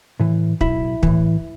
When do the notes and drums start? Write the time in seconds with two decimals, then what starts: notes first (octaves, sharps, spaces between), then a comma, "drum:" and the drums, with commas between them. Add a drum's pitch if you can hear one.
0.20 A2 E3
0.61 B1 E4, drum: kick
1.03 A2 E3, drum: kick